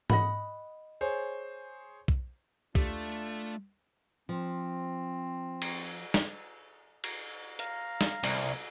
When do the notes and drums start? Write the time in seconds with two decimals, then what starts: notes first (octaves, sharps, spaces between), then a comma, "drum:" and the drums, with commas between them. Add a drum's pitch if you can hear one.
0.10 D#5 F#5 B5, drum: tom G#2
1.01 G#4 C5 C#5
2.08 drum: kick B1
2.75 D#2 A3 D4 F4 G4, drum: kick B1
4.29 F3 C4
5.62 drum: cymbal
6.14 drum: snare
7.04 drum: cymbal
7.59 F5 A#5, drum: hi-hat
8.01 drum: snare
8.24 C2 A#4, drum: cymbal